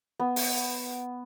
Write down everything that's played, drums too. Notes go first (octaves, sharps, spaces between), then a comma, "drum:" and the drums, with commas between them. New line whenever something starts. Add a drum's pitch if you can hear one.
B3
drum: open hi-hat